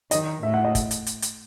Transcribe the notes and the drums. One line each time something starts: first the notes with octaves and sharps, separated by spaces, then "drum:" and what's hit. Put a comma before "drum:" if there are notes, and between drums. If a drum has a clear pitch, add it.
D#3 D#5, drum: hi-hat
A2 E5
F#5
D#5
drum: kick, hi-hat
drum: hi-hat
drum: hi-hat
drum: hi-hat